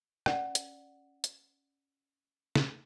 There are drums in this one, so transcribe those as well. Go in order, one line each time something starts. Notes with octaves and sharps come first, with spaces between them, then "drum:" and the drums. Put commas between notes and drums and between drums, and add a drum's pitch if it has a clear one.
C#4 D5 F#5, drum: rim click
drum: hi-hat
drum: hi-hat
drum: snare